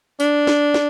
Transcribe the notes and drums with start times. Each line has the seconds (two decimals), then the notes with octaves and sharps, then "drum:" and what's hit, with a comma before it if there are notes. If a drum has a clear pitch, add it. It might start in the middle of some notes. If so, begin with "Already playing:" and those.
0.20 D4, drum: tambourine
0.47 drum: snare
0.74 drum: snare